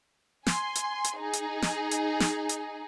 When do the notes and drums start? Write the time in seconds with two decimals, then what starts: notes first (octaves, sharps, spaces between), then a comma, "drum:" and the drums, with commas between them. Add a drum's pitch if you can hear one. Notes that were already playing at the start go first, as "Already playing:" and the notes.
0.46 G#5 C6, drum: snare
0.75 drum: hi-hat
1.04 drum: hi-hat
1.18 D#4 G#4
1.33 drum: hi-hat
1.62 drum: snare
1.91 drum: hi-hat
2.20 drum: snare
2.49 drum: hi-hat